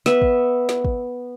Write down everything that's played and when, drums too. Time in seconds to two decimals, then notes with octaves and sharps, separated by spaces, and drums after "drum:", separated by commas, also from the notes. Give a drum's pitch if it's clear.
0.06 B3 E5, drum: snare
0.22 drum: kick
0.69 drum: snare
0.85 drum: kick